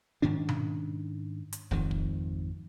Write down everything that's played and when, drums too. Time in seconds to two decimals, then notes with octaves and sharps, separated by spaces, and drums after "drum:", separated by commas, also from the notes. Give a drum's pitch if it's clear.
0.22 G#2 D#3 C#4 D4
0.49 drum: tom B2
1.53 drum: hi-hat
1.71 G#1 F2 D#3, drum: kick
1.91 drum: kick